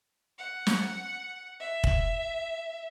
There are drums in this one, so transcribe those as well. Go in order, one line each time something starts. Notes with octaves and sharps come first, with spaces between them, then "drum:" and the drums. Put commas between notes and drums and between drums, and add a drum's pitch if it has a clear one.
F#5
drum: snare
E5
drum: kick